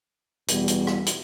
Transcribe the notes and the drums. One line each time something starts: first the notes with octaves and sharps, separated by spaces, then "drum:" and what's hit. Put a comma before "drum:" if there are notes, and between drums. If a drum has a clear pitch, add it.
E2 B2 G3, drum: hi-hat
drum: hi-hat
drum: rim click
drum: hi-hat